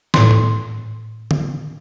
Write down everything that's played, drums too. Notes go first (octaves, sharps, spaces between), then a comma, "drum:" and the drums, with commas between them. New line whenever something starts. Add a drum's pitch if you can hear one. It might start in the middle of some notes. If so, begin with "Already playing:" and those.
A2 C6, drum: snare
drum: tom
drum: tom D3